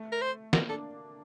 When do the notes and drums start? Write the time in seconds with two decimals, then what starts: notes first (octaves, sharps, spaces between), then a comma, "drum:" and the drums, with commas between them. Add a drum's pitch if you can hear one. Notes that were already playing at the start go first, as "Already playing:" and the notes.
Already playing: A3
0.12 A#4
0.22 C5
0.53 A#3 A#4, drum: snare
0.69 D4 A4